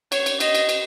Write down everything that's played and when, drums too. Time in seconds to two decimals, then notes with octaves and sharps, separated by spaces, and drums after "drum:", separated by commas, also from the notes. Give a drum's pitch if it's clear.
0.12 C#5, drum: cymbal
0.26 drum: cymbal
0.40 D#5, drum: cymbal
0.55 drum: cymbal
0.69 drum: cymbal